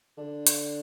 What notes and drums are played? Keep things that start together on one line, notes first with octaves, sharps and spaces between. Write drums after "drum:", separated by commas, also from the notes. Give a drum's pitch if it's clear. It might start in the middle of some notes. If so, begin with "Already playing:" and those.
D3
drum: hi-hat